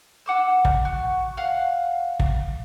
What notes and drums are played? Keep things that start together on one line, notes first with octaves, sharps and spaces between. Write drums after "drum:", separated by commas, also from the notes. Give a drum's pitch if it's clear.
F#5 D6 E6
drum: kick
F#4
F5 F#5
drum: kick